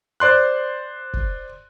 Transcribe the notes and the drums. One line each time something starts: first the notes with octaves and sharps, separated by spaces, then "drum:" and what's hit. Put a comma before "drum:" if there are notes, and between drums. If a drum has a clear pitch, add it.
C5 D5 C6 F#6
drum: kick